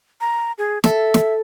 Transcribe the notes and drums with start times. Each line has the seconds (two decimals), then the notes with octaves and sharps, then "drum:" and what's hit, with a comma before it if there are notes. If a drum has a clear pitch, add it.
0.21 A#5
0.58 G#4
0.84 A4 E5, drum: snare
1.14 drum: snare